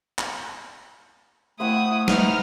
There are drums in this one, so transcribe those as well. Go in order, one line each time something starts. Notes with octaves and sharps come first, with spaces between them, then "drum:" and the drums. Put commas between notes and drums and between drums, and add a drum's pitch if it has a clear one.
drum: clap
A3 E4 C5 F#5 G5 D#6
D#4 B4 F6, drum: snare